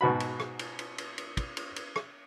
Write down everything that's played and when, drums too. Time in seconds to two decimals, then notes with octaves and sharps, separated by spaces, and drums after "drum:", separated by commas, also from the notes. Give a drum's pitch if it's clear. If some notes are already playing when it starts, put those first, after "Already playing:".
0.01 G#2 B2 F#4 B5
0.20 drum: cymbal
0.40 drum: rim click
0.59 drum: cymbal
0.79 drum: cymbal
0.98 drum: cymbal
1.18 drum: cymbal
1.37 drum: kick, cymbal
1.57 drum: cymbal
1.76 drum: cymbal
1.96 drum: rim click